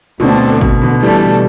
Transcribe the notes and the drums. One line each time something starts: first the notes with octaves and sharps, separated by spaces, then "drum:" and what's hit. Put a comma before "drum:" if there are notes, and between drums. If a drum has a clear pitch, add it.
D2 B2 D3 A3 C4, drum: tom
B2, drum: kick G1
B2 D3
B2 E3 G3 A3 D4